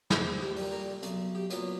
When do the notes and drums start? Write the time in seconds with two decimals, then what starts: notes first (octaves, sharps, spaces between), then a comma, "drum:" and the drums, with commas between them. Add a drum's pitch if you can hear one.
0.10 A#1, drum: snare
0.41 G4
0.56 A#2 G3, drum: open hi-hat
0.72 A#4
1.03 B1, drum: hi-hat
1.35 G4
1.50 A#2 F#3 B3, drum: hi-hat